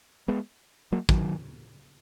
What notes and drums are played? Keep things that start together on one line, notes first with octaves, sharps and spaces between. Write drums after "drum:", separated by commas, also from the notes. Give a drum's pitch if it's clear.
G#3 B3
F#3 A#3
D#3 F#3, drum: kick